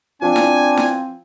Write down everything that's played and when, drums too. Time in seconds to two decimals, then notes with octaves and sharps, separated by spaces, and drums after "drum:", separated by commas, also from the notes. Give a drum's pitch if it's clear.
0.22 F3 C4 D4 G#5
0.36 drum: snare E4
0.77 drum: snare E4